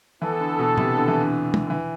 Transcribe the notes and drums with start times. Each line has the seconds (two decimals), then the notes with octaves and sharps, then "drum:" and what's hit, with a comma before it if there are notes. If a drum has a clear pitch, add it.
0.22 E3 B3 E4 A4
0.40 D3
0.59 B2
0.78 C3, drum: tom
0.96 D3
1.08 E3
1.20 D3
1.54 drum: tom
1.66 D3
1.70 E3